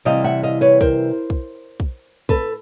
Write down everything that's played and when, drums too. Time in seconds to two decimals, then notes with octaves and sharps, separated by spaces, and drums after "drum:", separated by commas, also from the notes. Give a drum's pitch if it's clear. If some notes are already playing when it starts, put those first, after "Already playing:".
0.05 C3 E3 G3 D#5 F5
0.24 E5 F#5
0.43 D#5 F5
0.61 B4 C#5
0.81 A#4 C5, drum: kick
1.30 drum: kick
1.80 drum: kick
2.29 A4 B4, drum: kick